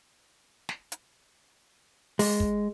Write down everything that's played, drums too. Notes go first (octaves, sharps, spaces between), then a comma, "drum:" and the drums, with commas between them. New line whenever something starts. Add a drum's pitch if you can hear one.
drum: snare
drum: hi-hat
G#3, drum: open hi-hat
drum: kick